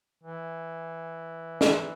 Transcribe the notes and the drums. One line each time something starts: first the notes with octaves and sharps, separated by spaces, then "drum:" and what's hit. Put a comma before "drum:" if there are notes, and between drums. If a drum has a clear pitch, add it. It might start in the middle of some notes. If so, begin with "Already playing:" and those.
E3
E3, drum: snare